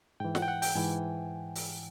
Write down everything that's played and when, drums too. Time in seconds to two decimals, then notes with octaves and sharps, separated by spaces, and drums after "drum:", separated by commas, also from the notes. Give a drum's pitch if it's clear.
0.20 G#2 E3 G5
0.35 F#5, drum: snare
0.42 G5
0.48 F#5
0.62 G5, drum: open hi-hat
0.75 G#2 E3 G#5
1.55 drum: open hi-hat